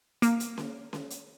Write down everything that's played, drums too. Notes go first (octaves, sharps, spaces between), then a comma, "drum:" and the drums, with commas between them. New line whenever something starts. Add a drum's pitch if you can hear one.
A#3, drum: hi-hat
drum: hi-hat
drum: snare C#4
drum: snare C#4
drum: hi-hat